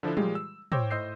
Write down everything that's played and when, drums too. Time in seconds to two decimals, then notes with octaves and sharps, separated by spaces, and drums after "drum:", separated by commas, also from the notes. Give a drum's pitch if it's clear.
0.03 D3 F3 D4 E4 A4
0.17 A#2 G3 G#3 F4 G4 G#4, drum: tom
0.35 E6
0.72 C5 C#5 G5 D6 E6 A#6, drum: tom
0.91 A2 C5 D#5 E6 G6 C7